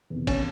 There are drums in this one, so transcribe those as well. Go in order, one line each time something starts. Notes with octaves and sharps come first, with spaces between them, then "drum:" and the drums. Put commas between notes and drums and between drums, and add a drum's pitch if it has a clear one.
E2 C3 D#3
C#4, drum: kick A1, cymbal